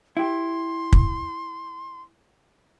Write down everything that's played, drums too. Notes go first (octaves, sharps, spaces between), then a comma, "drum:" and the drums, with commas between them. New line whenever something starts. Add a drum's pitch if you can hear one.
E4 G4 C6
drum: kick